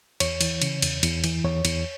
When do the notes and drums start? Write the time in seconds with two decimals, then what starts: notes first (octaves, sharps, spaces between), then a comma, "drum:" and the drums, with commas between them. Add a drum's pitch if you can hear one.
0.20 E2 C#5, drum: cymbal
0.41 E3, drum: cymbal
0.62 C#3, drum: cymbal
0.82 E2, drum: cymbal
1.03 E2, drum: cymbal
1.24 E3, drum: cymbal
1.44 E2 C#5
1.65 E2, drum: cymbal